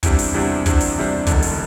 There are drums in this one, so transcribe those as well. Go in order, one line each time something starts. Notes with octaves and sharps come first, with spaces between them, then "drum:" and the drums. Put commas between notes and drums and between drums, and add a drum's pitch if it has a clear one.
E2 C3 G3 D4, drum: kick, hi-hat
drum: open hi-hat
E2 C3 G3 D4
E2 C3 G3 D4, drum: kick, hi-hat
drum: open hi-hat
E2 C3 G3 D4
E1 E2 D3, drum: kick, hi-hat
drum: open hi-hat